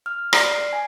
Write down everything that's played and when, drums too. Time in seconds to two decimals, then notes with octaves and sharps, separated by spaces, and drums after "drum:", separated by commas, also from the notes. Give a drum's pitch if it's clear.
0.06 F6
0.33 D5, drum: rim click
0.51 C7
0.73 G#5